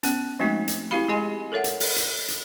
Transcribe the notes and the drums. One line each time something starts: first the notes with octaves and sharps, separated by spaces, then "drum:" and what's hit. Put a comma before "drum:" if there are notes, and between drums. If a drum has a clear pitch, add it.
B3 C#4, drum: hi-hat
F3 G#3 A3 C4 D#4 F#4
drum: hi-hat
C4 E4 F#4 G4 F5 B5
G#3 G#4 D#5 G#5 C6
A4 A#4 C#5 E5 F#5
drum: hi-hat
drum: open hi-hat
drum: hi-hat
drum: hi-hat